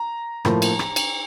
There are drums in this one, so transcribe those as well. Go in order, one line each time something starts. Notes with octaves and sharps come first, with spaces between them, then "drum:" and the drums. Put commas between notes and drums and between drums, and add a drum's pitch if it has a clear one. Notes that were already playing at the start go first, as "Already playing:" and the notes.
Already playing: A#5
A2 F3 A#3, drum: rim click
drum: cymbal
drum: rim click
drum: cymbal